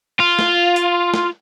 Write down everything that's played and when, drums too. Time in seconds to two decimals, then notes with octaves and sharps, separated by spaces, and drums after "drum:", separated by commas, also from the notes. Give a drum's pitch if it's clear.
0.20 F4
0.39 drum: snare
0.76 drum: hi-hat
1.14 drum: snare